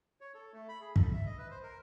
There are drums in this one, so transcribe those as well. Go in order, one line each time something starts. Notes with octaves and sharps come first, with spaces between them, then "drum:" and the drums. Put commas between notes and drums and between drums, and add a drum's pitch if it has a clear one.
C#5
A4
A3
B5
G#4
A4, drum: kick
E5
D#5
B4
C5
A#4